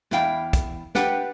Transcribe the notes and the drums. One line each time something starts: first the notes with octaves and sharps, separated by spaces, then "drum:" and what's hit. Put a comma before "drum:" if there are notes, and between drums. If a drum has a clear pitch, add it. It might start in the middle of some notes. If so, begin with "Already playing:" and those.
E2 E4 F5 G5, drum: snare
drum: kick, hi-hat
D4 G4 B4 F#5 G5, drum: snare